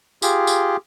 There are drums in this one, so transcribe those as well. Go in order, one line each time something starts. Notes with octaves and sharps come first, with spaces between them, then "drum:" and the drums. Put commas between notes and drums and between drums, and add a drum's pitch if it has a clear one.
F4 G4 G#4, drum: tambourine
drum: tambourine